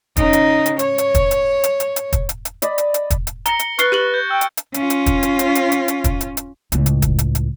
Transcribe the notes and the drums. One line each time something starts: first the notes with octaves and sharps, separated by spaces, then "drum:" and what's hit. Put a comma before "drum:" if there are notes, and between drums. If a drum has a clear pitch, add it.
C#3 D#4, drum: kick, hi-hat
drum: hi-hat
drum: hi-hat
C#5, drum: hi-hat
drum: hi-hat
drum: kick, hi-hat
drum: hi-hat
drum: hi-hat
drum: hi-hat
drum: hi-hat
drum: kick, hi-hat
drum: hi-hat
drum: hi-hat
D5 D#5 B5, drum: hi-hat
drum: hi-hat
drum: hi-hat
drum: kick, hi-hat
drum: hi-hat
A#5 A#6 C#7 G7, drum: hi-hat
drum: hi-hat
B4 C#6 F6 F#6 A6 C7 G7, drum: hi-hat
G4 C#6 F#6 F#7 G7
G6
G5 E6
drum: hi-hat
drum: hi-hat
C#4 F4, drum: hi-hat
drum: hi-hat
drum: kick, hi-hat
drum: hi-hat
drum: hi-hat
drum: hi-hat
drum: hi-hat
drum: hi-hat
drum: kick, hi-hat
drum: hi-hat
drum: hi-hat
C#2 A2, drum: hi-hat
drum: hi-hat
drum: kick, hi-hat
drum: hi-hat
drum: hi-hat